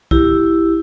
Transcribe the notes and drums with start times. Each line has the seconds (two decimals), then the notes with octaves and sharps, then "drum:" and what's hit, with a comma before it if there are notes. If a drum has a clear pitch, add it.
0.11 E4 G4, drum: kick B1